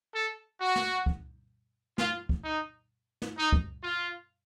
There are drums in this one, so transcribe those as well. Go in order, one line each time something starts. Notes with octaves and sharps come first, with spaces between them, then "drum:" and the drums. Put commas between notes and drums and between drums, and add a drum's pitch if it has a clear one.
A4
F#4
drum: snare
drum: kick C#2
F4, drum: snare
drum: kick C#2
D#4
drum: snare
D#4
drum: kick C#2
F4